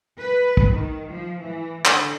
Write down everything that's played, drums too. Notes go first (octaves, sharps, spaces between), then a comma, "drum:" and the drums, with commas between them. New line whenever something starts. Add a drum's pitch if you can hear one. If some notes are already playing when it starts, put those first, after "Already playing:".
B4
drum: kick
D#3
F3
E3
D3, drum: clap